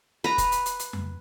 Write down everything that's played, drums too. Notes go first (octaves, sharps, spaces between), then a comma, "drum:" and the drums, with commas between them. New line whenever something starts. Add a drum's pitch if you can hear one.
B4 A#5, drum: snare
drum: kick F1, hi-hat
drum: hi-hat
drum: hi-hat
drum: hi-hat
drum: tom F2